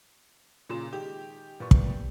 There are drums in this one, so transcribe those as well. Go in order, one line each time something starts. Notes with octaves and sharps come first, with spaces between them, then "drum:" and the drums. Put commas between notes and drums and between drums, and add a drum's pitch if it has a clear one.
A#2 C#3 C6 E7
D#3 G#3 G4
A#2 B4 C#6
drum: kick